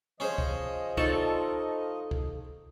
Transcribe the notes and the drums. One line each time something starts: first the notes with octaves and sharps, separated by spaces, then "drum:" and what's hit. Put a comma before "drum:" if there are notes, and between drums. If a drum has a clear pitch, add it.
F3 C#4 G#4 C5 D#5
drum: kick
D#4 F4 A4 D5 C#6, drum: kick
drum: kick